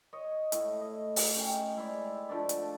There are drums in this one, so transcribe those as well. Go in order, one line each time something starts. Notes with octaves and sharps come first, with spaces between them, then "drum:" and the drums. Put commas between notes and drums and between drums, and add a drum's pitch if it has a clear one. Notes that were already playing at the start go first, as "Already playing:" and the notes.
C#5 D#5
A2, drum: hi-hat
D#5
drum: open hi-hat
C#4 D#4 G5
G#3 E4 C5 D5
F3 A3 D4 D5
drum: hi-hat